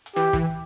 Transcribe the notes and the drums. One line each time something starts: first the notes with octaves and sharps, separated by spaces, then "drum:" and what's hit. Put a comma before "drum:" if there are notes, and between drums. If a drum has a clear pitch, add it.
drum: hi-hat
E3 G4
E3, drum: kick